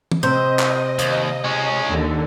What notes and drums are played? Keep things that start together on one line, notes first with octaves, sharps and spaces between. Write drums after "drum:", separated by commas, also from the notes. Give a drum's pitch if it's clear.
drum: tom
C3 C4 C5 D#5
drum: clap
D#2, drum: hi-hat
G#3 C#4
D#2 D3